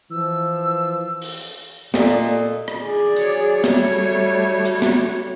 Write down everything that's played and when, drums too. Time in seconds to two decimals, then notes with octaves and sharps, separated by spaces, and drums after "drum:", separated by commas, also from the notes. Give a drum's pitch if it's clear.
0.11 E3 F3 E6
1.22 drum: open hi-hat
1.94 A#2 A4 D5 D#5, drum: snare
2.68 drum: rim click
2.83 G#4 D5
3.16 F#3 C#5, drum: hi-hat
3.64 G3 A3, drum: snare
4.65 F#4 C#5, drum: hi-hat
4.82 drum: snare